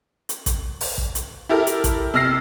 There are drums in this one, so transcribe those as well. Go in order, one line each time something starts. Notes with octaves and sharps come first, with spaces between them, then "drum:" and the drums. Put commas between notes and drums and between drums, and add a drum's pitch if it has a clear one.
drum: hi-hat
drum: kick A1, hi-hat
drum: open hi-hat
drum: kick A1
drum: hi-hat
E4 G4 A4 A#4
drum: hi-hat
drum: kick A1, hi-hat
C3 E6 F6 A#6 C7